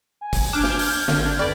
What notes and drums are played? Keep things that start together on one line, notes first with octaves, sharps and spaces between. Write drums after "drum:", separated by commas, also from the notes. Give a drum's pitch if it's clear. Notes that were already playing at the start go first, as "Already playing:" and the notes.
G#5
drum: kick, open hi-hat
D4 D6 F6 G6 G#6
drum: snare
drum: open hi-hat
G#1 D3, drum: snare
D4
F2 B4 D5 B5